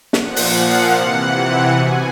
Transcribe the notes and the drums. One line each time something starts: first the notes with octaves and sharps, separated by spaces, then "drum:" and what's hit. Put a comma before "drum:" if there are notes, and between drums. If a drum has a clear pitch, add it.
A#2 F3 F#5, drum: snare
drum: open hi-hat
F5
C3 E3 F#5
B2 G#5